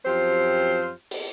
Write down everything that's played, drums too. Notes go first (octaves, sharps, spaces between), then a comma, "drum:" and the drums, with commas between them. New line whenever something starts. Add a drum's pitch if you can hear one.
F#2 F3 C4 F4 G4 C5
drum: open hi-hat